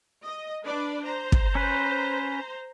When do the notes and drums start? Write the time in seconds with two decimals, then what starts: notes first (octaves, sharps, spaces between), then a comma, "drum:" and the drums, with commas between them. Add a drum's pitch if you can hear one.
0.23 D#5
0.64 D4 B4 D5
1.04 C5 A#5
1.32 drum: kick
1.55 C#4 B4